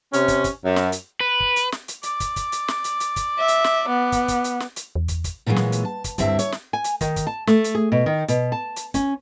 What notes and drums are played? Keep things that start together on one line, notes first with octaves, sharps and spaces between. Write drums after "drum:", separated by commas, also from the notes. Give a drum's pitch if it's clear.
C3 C#4, drum: hi-hat
drum: kick, hi-hat
drum: kick, hi-hat
F#2
drum: snare
drum: hi-hat
B4
drum: kick
drum: hi-hat
drum: snare
drum: hi-hat
D5, drum: hi-hat
drum: kick, hi-hat
drum: kick, hi-hat
drum: hi-hat
drum: snare
drum: hi-hat
drum: hi-hat
drum: kick, hi-hat
E5
drum: hi-hat
drum: snare
B3
drum: kick, hi-hat
drum: kick, hi-hat
drum: hi-hat
drum: snare
drum: hi-hat
E2
drum: kick, hi-hat
drum: kick, hi-hat
A#2 D3 E3 F#3 G#3
drum: snare
drum: hi-hat
A5
drum: kick, hi-hat
D2 G2 C4 E4 E5, drum: kick, hi-hat
C#5, drum: hi-hat
drum: snare
G#5
drum: hi-hat
D#3, drum: kick, hi-hat
drum: kick, hi-hat
A5
A3, drum: snare
drum: hi-hat
G#4
B2
D#3
B2, drum: hi-hat
A5
drum: hi-hat
C#4, drum: kick, hi-hat